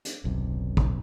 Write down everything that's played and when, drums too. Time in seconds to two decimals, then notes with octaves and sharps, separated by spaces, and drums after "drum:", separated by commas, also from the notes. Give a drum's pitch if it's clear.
0.05 drum: hi-hat
0.24 D#1 B1 F#2 C3
0.77 drum: kick